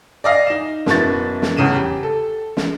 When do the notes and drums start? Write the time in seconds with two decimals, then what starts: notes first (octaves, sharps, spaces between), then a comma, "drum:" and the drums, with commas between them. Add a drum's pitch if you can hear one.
0.24 D5 D#5 F5 G#5 A#6
0.47 D#4 E7
0.86 F#1 B2 E4 B4 C#6 A6, drum: snare
1.42 drum: snare
1.56 D#1 E2 C#3 D#7 E7
1.75 G4
2.03 A4
2.57 drum: snare